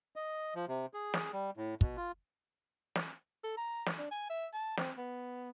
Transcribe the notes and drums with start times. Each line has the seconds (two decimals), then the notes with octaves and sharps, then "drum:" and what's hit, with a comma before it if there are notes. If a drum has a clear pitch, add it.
0.16 D#5
0.55 F3
0.68 C3
0.94 G#4
1.14 drum: snare
1.33 G3
1.57 A2
1.81 B2, drum: kick
1.97 F4
2.96 drum: snare
3.44 A4
3.57 A#5
3.86 drum: snare
3.99 D4
4.11 G#5
4.30 E5
4.54 A5
4.77 C4, drum: snare
4.98 B3